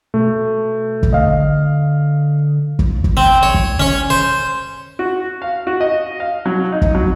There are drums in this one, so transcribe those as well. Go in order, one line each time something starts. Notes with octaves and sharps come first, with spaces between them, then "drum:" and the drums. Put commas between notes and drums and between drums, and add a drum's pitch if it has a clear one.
B2 A3
drum: kick
D3 D#5 F5
drum: kick
drum: kick
C4
C#5
drum: kick
C#4 C#5
C5
F#4
F5
F#4
D#5
F5
F#3
D#4
drum: kick
F#3